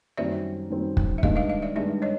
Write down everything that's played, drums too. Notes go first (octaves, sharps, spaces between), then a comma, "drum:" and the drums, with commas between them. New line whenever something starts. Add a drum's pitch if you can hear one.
F#2 D#3 G3 C4 D5 E5
F#2 D#3 G3 C4
drum: kick
E5
G2 D#3 G#3 D#5 F5, drum: kick
D#5 F5
D#5 F5
D5 E5
G2 D#3 G#3 D5 E5
C#5 D#5